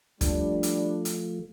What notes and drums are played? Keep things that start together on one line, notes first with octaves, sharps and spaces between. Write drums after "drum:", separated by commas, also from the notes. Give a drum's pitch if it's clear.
F3 G3 A3 D4, drum: kick, hi-hat
drum: hi-hat
drum: hi-hat